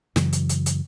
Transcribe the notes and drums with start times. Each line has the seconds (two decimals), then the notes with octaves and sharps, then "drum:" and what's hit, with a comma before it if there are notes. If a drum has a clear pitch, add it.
0.16 F#2 C#3 E3 F#3, drum: snare
0.33 drum: hi-hat
0.49 drum: hi-hat
0.66 drum: hi-hat